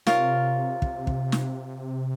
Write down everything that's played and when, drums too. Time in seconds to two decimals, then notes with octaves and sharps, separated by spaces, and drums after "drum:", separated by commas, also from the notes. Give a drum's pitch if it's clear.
0.07 C3 F4 A#4 C#5, drum: snare
0.82 drum: kick
1.07 drum: kick
1.32 drum: snare